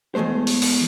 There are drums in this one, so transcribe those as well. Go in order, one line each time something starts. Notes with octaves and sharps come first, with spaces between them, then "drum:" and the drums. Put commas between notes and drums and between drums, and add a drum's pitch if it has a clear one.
E2 B2 G#3 A3 C5
drum: open hi-hat
drum: open hi-hat